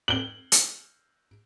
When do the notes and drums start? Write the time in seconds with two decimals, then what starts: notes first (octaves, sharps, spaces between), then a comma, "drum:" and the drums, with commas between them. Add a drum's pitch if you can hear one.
0.08 F#7 G7
0.52 drum: hi-hat